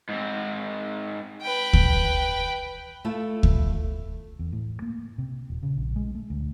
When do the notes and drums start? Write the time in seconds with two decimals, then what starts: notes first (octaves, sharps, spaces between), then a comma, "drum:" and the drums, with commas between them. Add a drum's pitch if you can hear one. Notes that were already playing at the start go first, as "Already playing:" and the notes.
0.09 G#2 C4
1.42 B4 G5
1.73 drum: kick D2
3.05 A3 E4 F4 A4
3.43 drum: kick D2
4.39 E2
4.53 A2
4.82 A#3
5.18 C3
5.50 D#1
5.63 C#3
5.77 A#1
5.96 G#3
6.15 A3
6.30 D2